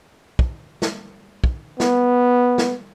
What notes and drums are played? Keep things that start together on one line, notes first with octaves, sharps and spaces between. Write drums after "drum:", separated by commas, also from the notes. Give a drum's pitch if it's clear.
drum: kick
drum: snare
drum: kick
B3, drum: snare
drum: snare